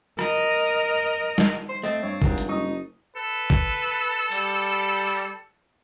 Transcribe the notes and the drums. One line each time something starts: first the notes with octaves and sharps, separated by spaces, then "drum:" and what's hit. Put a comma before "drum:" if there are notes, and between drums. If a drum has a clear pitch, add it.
A#4 D#5, drum: rim click
drum: snare
C5
A3 C4 D#5 A6 D7
G2 C#5
F1 G#2 G4, drum: kick G#1
drum: hi-hat
F#1 D#4 C#6 D#6
A4 B4
drum: kick G#1
G3, drum: cymbal